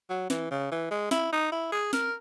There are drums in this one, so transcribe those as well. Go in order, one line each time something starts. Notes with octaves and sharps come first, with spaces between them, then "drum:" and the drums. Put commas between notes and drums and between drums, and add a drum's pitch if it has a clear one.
F#3
E3, drum: snare
C#3
E3
G#3
E4, drum: snare
D#4
E4
G#4
A#4, drum: snare